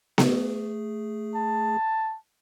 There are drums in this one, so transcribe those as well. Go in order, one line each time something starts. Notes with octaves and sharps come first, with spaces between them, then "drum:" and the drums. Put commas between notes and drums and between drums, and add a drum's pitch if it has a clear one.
A3 G#4, drum: snare B3
A5